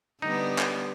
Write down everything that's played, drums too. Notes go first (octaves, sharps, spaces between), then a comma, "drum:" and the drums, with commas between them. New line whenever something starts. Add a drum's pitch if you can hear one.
D3 G3 B3 D#4
drum: clap